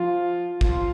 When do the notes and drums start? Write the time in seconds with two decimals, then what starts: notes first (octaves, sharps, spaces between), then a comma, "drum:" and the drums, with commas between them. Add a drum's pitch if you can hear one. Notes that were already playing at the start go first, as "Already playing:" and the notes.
Already playing: F3 F4
0.61 F3 F4, drum: kick